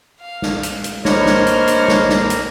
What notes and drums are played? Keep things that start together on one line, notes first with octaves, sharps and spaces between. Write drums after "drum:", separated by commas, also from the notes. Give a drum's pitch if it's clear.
F5
drum: snare
drum: hi-hat
drum: hi-hat
A#3 D4 C5 C#5 D#5 B5 F6, drum: snare
drum: snare
drum: hi-hat
drum: hi-hat
drum: snare
drum: snare
drum: hi-hat